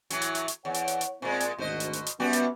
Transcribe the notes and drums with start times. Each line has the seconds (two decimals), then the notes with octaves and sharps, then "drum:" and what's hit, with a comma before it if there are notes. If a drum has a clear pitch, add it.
0.10 A2 E3 F#3, drum: hi-hat
0.22 drum: hi-hat
0.35 drum: hi-hat
0.48 drum: hi-hat
0.65 E2 C#5 F#5
0.74 drum: hi-hat
0.88 drum: hi-hat
1.01 drum: hi-hat
1.22 A#2 G#3 C4
1.40 drum: hi-hat
1.58 G#1 D2 B2 D#3 C5 D#5
1.80 drum: hi-hat
1.93 drum: hi-hat
2.06 drum: hi-hat
2.20 F#2 G3 B3 F#4
2.33 drum: hi-hat